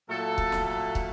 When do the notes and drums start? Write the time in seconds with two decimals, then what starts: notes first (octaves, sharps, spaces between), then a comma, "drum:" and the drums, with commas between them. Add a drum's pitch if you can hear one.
0.09 A#2 F#3 A3 A4
0.38 drum: kick
0.52 drum: snare
0.66 A4
0.95 drum: kick